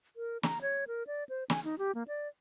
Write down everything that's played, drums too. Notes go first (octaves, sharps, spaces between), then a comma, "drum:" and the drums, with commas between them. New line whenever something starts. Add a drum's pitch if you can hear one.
A#4
A#5, drum: snare
C#5
A#4
D5
C5
G#5, drum: snare
D#4
G4
A#3
D5